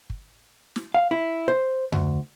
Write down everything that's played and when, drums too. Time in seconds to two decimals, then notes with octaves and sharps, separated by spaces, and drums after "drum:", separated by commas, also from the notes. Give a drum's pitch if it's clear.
0.10 drum: kick
0.76 drum: snare
0.94 F5
1.11 E4
1.48 C5
1.92 D2, drum: tom F2